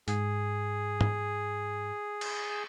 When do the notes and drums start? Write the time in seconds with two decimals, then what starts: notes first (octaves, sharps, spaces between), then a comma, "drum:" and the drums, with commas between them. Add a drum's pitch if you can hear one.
0.08 G#2 G#4, drum: hi-hat
1.01 drum: tom
2.21 drum: cymbal